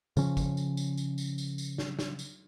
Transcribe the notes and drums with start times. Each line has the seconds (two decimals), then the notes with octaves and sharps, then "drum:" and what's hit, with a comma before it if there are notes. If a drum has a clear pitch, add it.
0.17 C#3 F3 C#4, drum: tambourine
0.37 drum: kick, tambourine
0.57 drum: tambourine
0.77 drum: tambourine
0.98 drum: tambourine
1.18 drum: tambourine
1.38 drum: tambourine
1.58 drum: tambourine
1.78 drum: snare
1.99 drum: snare
2.19 drum: tambourine